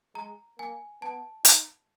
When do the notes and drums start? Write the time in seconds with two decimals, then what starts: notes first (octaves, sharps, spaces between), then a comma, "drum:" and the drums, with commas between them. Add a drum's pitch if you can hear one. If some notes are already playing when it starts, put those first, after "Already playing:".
0.15 G#3 A#5
0.58 A#3 G#5
1.02 B3 A5
1.45 D#4, drum: hi-hat